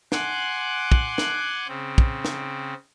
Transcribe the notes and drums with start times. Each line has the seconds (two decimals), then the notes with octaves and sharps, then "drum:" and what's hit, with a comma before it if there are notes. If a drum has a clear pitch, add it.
0.12 F#5 G#5 C6 D6 F#6, drum: snare
0.92 drum: kick
1.18 drum: snare
1.68 C#3 C4
1.98 drum: kick
2.25 drum: snare